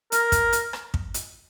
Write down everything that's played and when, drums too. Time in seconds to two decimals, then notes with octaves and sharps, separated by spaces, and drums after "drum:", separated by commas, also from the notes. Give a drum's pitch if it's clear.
0.12 A#4, drum: hi-hat
0.32 drum: kick, hi-hat
0.53 drum: hi-hat
0.73 drum: rim click
0.94 drum: kick
1.14 drum: hi-hat